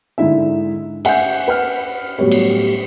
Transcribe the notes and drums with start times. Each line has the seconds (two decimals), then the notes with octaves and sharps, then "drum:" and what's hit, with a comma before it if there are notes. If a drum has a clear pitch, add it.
0.18 G#2 D3 D#4 E4 E5
1.05 E5 F#5 G#5 F#6 G6, drum: cymbal
1.48 B4 F#5 F6
2.18 A2 F#3 G3 B3 C#5
2.31 drum: cymbal